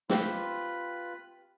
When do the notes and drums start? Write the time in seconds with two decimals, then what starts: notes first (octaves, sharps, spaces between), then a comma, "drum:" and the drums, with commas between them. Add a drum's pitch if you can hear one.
0.10 C4 F4 G4 B4 B5, drum: snare